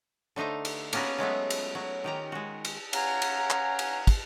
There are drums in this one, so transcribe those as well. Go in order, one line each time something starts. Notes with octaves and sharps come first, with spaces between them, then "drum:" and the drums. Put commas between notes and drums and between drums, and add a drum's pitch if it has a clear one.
D3 A3 D#4 C5 A#5
drum: cymbal
A#3 B3 C#4 F#4 A#4 B4, drum: cymbal
F#3 G#3 A3 B3
drum: cymbal
F#3
D#3 G4 A#5
G#3 F#4
drum: cymbal
C#4 F5 F#5 G#5 A#5, drum: cymbal
drum: cymbal
drum: clap
drum: cymbal
drum: kick, cymbal